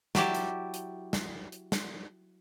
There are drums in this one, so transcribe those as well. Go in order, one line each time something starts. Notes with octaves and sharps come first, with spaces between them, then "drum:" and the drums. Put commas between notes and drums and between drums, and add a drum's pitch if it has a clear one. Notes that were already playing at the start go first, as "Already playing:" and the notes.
F#3 E4 G4 D5, drum: snare
drum: hi-hat
drum: hi-hat
drum: snare
drum: hi-hat
drum: snare